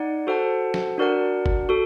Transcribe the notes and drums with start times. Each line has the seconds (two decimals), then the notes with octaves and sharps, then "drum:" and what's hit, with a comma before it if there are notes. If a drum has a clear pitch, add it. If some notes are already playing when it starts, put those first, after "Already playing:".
Already playing: D#4 D5 F#5
0.27 F#4 A4 C5 F#5 A5
0.74 drum: snare
0.98 D4 F#4 A#4 D5 F#5
1.46 drum: kick G1
1.69 F#4 A4